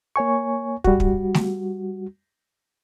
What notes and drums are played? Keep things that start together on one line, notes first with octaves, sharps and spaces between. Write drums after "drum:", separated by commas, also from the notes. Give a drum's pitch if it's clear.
A#3 C#5 G#5 C#6
G3 F#4, drum: kick
drum: kick
drum: snare A3